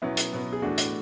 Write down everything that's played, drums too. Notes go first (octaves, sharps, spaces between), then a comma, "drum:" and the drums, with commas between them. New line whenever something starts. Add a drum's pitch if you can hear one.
B2 F#3 B3 C#4 E4
drum: hi-hat
B2 F#3 B3
G#4
A2 E3 A3 D4 F#4
drum: hi-hat